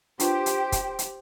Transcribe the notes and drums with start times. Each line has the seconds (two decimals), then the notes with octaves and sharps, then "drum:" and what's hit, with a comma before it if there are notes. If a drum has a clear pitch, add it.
0.20 D4 F4 G4 B4 C5 G5, drum: hi-hat
0.46 drum: hi-hat
0.72 drum: kick, hi-hat
0.99 drum: hi-hat